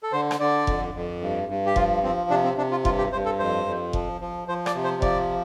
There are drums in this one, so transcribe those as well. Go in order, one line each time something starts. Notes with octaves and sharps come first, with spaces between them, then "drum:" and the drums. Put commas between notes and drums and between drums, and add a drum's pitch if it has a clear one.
A4
D3 C5
drum: rim click
D3 D5
F2, drum: kick F1
F2
G2
G2
G4
F3 F4, drum: kick F1
F3 C4
C3 D4
C4
C3 D4
F4
G2 F4, drum: kick F1
G4
G2 C5
A4
F2 C5
F2
F3, drum: kick F1
F3
F3 C5
D5, drum: rim click
C3
C5
F3 D5, drum: kick F1